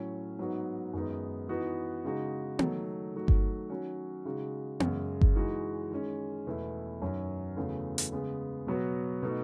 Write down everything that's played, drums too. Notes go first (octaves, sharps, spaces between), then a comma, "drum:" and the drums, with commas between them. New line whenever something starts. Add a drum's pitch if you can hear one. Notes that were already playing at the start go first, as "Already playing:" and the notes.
Already playing: A2 F#3 C#4
G#2 F#3 B3 D#4 F#4
F#2 D#3 G#3 B3 D#4
E3 B3 D#4 F#4
C#3 G#3 D#4 F#4
D#3 F#3 A3 D#4, drum: tom B3
D#3 F#3 A3 D#4 F#4
drum: kick G1
D#3 F#3 C#4 F#4
C#3 G#3 D#4 F#4
F#2 C#3 G#3, drum: tom B3
drum: kick G1
E3 G#3 D#4 F#4
D#3 G#3 C#4
E2 B2 A3 E4
F#2 D#3 F#3 C#4
E2 C#3 F#3 A3
drum: hi-hat
C#3 G#3 B3
B2 F#3 B3 F#4
B2 A3 D#4 F#4